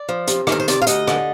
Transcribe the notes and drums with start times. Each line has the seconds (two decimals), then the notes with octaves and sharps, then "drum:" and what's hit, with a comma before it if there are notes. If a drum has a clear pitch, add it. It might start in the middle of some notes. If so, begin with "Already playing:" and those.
Already playing: D5
0.09 F3
0.27 C3, drum: hi-hat
0.47 D#3 A#4, drum: rim click
0.60 C5
0.68 C3 D5, drum: hi-hat
0.82 F5
0.87 D2 D#5, drum: hi-hat
1.07 D3, drum: rim click